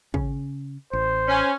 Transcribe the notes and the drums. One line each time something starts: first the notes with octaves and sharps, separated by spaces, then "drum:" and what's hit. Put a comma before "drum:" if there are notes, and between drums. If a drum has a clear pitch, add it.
C#3 C#4, drum: kick
A1 C5
C#4